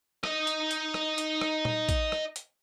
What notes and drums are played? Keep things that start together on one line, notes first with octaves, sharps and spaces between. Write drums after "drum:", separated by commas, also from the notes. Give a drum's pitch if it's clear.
D#4 D#5, drum: rim click
drum: hi-hat
drum: hi-hat
drum: rim click
drum: hi-hat
drum: rim click
drum: tom A#2
drum: kick, hi-hat
drum: rim click
drum: hi-hat